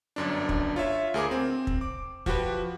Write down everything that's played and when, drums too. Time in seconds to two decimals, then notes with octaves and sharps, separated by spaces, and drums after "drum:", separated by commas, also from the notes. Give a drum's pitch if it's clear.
0.16 G1 F#2 D4
0.49 drum: kick
0.76 F4 C#5 E5
1.14 D2 G#4 A#4 D6
1.31 C4
1.67 drum: kick
1.81 D6
2.26 F3 F#4 G4 B4, drum: kick